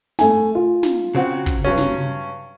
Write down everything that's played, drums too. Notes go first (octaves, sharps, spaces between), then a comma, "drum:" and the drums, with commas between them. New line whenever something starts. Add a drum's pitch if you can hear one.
A3 G#5, drum: snare
F4
drum: snare
C#3 F#3 C4 F#4
drum: kick
G2 F#3 C#4
drum: snare